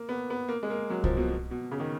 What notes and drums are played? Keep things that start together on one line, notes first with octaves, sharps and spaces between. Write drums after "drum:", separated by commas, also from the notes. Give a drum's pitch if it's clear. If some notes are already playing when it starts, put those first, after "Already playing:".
Already playing: A#3
B3
B3
A#3
G#3
A#3
F#3
F3, drum: kick C2
B2
B2
B2
C#3
D#3